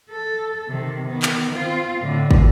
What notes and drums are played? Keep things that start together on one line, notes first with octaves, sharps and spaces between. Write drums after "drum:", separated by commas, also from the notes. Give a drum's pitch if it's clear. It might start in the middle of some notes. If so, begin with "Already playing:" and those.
A4
C3 D#3
D#3 B3
drum: clap
C4 F4
A2 D3
drum: kick